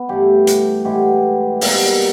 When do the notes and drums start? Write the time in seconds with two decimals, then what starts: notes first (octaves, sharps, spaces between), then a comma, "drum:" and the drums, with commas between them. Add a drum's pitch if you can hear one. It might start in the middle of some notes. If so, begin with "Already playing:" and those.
Already playing: B3
0.09 G2 E3 A3 G4
0.47 drum: hi-hat
0.85 A2 E3 G#3 B3 G4
1.61 B2 G3 A#3, drum: open hi-hat